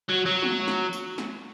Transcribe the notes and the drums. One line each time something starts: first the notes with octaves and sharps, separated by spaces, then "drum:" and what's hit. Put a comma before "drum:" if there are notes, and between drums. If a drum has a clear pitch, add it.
F#3
F#3
drum: tom
drum: snare
drum: tambourine
drum: snare